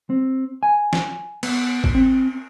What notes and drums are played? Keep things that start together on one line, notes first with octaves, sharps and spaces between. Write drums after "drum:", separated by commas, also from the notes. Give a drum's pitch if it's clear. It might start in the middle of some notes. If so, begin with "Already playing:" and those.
C4
G#5
drum: snare
B3, drum: cymbal
drum: kick G#1
C4